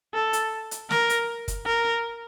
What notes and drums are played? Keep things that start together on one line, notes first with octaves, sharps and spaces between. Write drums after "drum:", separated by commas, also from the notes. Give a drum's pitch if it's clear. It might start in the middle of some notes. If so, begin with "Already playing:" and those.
A4
drum: hi-hat
drum: hi-hat
A#4, drum: snare
drum: hi-hat
drum: kick, hi-hat
A#4